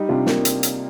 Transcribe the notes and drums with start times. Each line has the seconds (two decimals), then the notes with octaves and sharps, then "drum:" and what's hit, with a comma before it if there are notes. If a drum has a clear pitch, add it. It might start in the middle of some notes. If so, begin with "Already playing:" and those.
Already playing: G3 D#4 G4
0.09 C3 D4 F4
0.26 C3 A#3, drum: snare
0.45 drum: hi-hat
0.63 drum: hi-hat